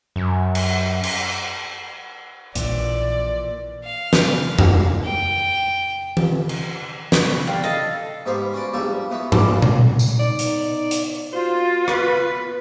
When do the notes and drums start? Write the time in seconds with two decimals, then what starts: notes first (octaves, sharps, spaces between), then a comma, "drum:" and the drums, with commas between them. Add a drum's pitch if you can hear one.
0.16 F#2
0.55 drum: cymbal
1.03 drum: cymbal
2.55 A#1 A#2 E3 D5, drum: hi-hat
3.84 F5
4.13 drum: snare
4.59 drum: tom F2
5.04 G5
6.17 drum: tom E3
6.49 drum: cymbal
7.12 F#4, drum: snare
7.47 G3 F5
7.64 A4 D#5
8.26 G#2 G3 B3 C5 F5
8.53 C#4 F#4 D5
8.73 A#1 E2 F3 G3 G4 A4
9.11 E3 B3 F#4
9.32 C#2 A#2 D4 F4 G4, drum: tom G#2
9.62 drum: tom A#2
9.99 drum: tambourine
10.19 B3 D#4 D5
10.39 drum: hi-hat
10.91 drum: hi-hat
11.33 A#3 F4 F#4 C5
11.88 B3 B4, drum: rim click